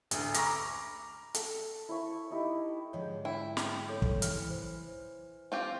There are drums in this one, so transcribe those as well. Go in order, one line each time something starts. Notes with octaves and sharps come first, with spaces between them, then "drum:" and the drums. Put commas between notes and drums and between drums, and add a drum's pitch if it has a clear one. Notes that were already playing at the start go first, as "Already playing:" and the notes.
A1 D2, drum: hi-hat
A#5 B5 C#6 D6 F6 A#6, drum: hi-hat
A4, drum: hi-hat
E4 C#6
D#4 E4 G4 D#5
G#2 D3 F3 C#5
E4 G5
drum: snare
A4 C#5
drum: kick
E3 F6, drum: hi-hat
C5
C4 F4 G4